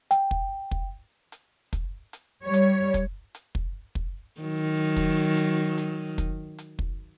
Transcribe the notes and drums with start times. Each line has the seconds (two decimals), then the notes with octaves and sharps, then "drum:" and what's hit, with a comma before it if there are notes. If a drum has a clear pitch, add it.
0.11 G5, drum: hi-hat
0.31 drum: kick
0.71 drum: kick
1.32 drum: hi-hat
1.73 drum: kick, hi-hat
2.13 drum: hi-hat
2.43 G3 C#5
2.54 drum: hi-hat
2.94 drum: kick, hi-hat
3.35 drum: hi-hat
3.55 drum: kick
3.95 drum: kick
4.41 D#3 F#3
4.97 drum: kick, hi-hat
5.37 drum: hi-hat
5.77 drum: hi-hat
6.18 drum: kick, hi-hat
6.58 drum: hi-hat
6.79 drum: kick